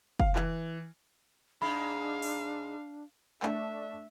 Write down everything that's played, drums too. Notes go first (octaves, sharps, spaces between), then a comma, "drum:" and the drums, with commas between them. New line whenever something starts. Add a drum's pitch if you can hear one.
F5, drum: kick
E3, drum: clap
G#2 G#3 D4 F5 B5
drum: open hi-hat
A3 D4 A4 E5, drum: clap